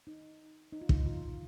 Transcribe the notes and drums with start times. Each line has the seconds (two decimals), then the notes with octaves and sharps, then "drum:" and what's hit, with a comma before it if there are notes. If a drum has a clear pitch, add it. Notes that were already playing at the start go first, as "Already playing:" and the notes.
0.07 D#4
0.72 D#4
0.81 F4
0.89 D#4, drum: kick
1.06 F4